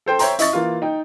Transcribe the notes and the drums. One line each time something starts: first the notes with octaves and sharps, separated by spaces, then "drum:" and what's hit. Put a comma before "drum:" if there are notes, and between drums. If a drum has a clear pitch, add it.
A4 C5 G5
C5 C#5 E5 G5 A#5 C6, drum: hi-hat
E4 D#5 C#6 A6, drum: hi-hat
E3 A#3 F4
D#4 G5